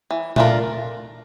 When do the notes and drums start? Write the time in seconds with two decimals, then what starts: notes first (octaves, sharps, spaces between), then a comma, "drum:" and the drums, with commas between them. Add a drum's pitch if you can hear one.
0.11 E3
0.36 A3 D4 F4 A#4, drum: tom A#2